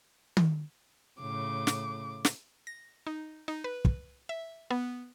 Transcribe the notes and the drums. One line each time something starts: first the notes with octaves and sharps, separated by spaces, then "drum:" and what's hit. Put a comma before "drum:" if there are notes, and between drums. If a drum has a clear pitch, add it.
drum: tom D#3
A2 C#3 D6
drum: snare
drum: snare
A#6
D#4
D#4
B4
drum: kick
E5
B3